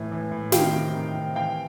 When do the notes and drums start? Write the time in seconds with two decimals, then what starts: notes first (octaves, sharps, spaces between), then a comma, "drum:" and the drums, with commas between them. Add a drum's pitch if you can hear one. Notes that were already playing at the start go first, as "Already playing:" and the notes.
Already playing: A2 E3
0.11 E3
0.31 A2
0.52 D#3 F5 G5, drum: snare
0.73 C3
0.94 D#3
1.15 C3
1.35 E3 F5 G5